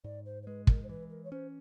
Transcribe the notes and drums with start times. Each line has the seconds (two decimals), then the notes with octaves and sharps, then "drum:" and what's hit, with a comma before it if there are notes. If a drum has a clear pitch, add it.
0.04 G#2 D5
0.26 C5
0.43 C5
0.47 G#3 B4
0.67 A#4, drum: kick
0.83 C5
0.89 E3 B4
1.09 A#4
1.24 C#5
1.32 C#4 C5